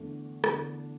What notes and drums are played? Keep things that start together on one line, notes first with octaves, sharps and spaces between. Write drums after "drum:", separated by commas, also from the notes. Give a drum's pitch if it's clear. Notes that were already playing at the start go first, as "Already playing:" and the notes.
Already playing: E2 D3 A3 D4
E2 D3 A3 D4, drum: rim click